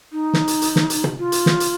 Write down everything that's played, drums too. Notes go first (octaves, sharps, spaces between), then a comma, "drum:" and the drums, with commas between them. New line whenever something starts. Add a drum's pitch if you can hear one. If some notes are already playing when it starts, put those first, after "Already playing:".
D#4
drum: snare
drum: hi-hat
drum: hi-hat
drum: snare
drum: hi-hat
drum: tom
F4
drum: hi-hat
drum: snare
drum: hi-hat